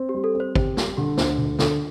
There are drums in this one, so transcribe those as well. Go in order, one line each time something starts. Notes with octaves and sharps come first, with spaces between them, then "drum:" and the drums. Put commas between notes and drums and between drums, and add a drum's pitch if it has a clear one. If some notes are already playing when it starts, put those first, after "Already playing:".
Already playing: C4
G4
G3
A4
C4
C5
G4 C5, drum: kick G#1
G3, drum: snare
D3 G4
D2 C5, drum: snare
D3
D3 A4, drum: snare